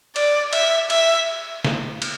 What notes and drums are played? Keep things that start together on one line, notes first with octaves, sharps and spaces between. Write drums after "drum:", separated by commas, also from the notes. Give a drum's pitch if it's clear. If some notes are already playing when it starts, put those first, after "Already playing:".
D5, drum: cymbal
E5, drum: cymbal
E5, drum: cymbal
drum: snare
drum: cymbal